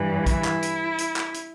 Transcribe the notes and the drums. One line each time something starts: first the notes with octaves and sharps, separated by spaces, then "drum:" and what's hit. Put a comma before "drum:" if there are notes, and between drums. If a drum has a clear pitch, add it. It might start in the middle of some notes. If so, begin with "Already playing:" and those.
Already playing: G2 E3
E4, drum: kick, hi-hat
drum: clap
drum: hi-hat
drum: hi-hat
drum: clap
drum: hi-hat